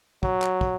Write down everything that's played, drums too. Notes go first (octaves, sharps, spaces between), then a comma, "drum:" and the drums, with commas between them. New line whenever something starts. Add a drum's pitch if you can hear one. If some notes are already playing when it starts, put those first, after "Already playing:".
F#3, drum: kick
drum: clap
drum: kick